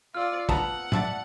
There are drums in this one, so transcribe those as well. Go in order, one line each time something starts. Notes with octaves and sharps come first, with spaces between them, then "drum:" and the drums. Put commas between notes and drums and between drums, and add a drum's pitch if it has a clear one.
F4 D5 E6 F6
B3 F#5 A5 A#5, drum: kick
D5 E5 A5, drum: tom